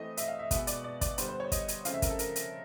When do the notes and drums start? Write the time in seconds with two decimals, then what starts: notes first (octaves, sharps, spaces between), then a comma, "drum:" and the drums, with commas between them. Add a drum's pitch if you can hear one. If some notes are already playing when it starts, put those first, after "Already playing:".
Already playing: E3 A3 C4 D#5
0.17 E5, drum: hi-hat
0.28 F5
0.39 E5
0.51 B2 G#3 B3 E5, drum: kick, hi-hat
0.67 D5, drum: hi-hat
0.84 D5
1.01 D5, drum: kick, hi-hat
1.18 D3 G3 B3 C5, drum: hi-hat
1.29 C5
1.40 C#5
1.52 D#5, drum: kick, hi-hat
1.68 drum: hi-hat
1.85 C#3 F3 A3 C4 F5, drum: hi-hat
1.94 E5
2.02 A#4, drum: kick, hi-hat
2.10 A4
2.19 A#4, drum: hi-hat
2.36 drum: hi-hat